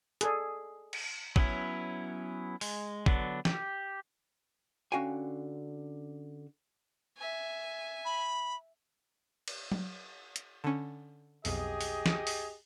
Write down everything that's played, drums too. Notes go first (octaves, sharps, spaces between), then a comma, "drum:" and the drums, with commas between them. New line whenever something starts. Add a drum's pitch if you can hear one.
G#4 A4 D5, drum: hi-hat
drum: cymbal
F#3 B3 C#4 E4, drum: kick
G#3, drum: open hi-hat
D3 F#3 B3 D4, drum: kick
G4, drum: snare
D3 C#4 F#4 F5 G5 G#5
E5 G#5
B5
drum: cymbal
drum: tom F#3
drum: hi-hat
D3 C#4
B1 F2 G4 G#4 D#5, drum: open hi-hat
drum: open hi-hat
drum: snare
drum: open hi-hat